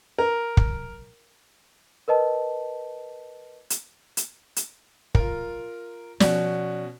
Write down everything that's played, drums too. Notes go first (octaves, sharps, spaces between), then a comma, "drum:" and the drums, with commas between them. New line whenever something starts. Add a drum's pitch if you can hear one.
A#4
drum: kick
A#4 B4 D#5 A5
drum: hi-hat
drum: hi-hat
drum: hi-hat
F4 A#4, drum: kick
B2 F3 B3 C#4 F#4 D5, drum: snare